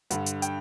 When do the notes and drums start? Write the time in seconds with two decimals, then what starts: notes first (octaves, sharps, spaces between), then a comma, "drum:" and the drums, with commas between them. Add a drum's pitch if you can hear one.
0.11 G2 D3 F#5, drum: hi-hat
0.26 drum: hi-hat
0.42 G5, drum: hi-hat